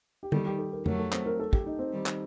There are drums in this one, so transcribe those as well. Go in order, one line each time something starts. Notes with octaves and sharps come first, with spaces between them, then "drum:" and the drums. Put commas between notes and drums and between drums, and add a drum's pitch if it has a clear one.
G4
D#3 G3 A4, drum: tom D3
G4
A4
A#4
F#3 A3 A#4, drum: tom F2
A4
C4, drum: clap
A#4
A4
G4, drum: kick
D#4
C4
D#3 G3
drum: clap